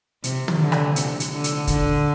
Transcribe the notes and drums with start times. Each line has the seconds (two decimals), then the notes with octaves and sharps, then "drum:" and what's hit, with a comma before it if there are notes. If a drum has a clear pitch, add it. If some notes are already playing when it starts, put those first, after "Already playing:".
0.24 C3, drum: hi-hat
0.48 drum: tom
0.60 D3
0.72 drum: rim click
0.96 C3, drum: hi-hat
1.20 drum: hi-hat
1.32 D3
1.44 drum: hi-hat
1.67 D3, drum: kick, hi-hat